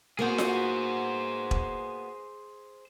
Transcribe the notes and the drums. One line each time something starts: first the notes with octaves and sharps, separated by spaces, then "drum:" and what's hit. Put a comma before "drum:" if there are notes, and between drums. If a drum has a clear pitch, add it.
A#3 B3 F#4 G#4 C5
drum: snare F4
drum: kick E1